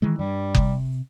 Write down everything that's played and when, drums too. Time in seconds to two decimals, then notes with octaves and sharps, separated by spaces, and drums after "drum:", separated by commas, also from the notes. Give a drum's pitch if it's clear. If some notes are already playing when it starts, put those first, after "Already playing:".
0.02 D#3 E3 G#3
0.19 G2 G3
0.55 C3, drum: kick F#1